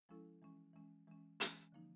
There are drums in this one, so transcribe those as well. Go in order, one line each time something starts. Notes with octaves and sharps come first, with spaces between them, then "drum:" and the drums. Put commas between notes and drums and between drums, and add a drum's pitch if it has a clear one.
F3 G#3 C#4 E4 A4
E3 G#3 C#4
E3 G#3 C#4
E3 G#3 C#4
E3 G#3 C#4, drum: hi-hat
D3 F3 A#3 D#4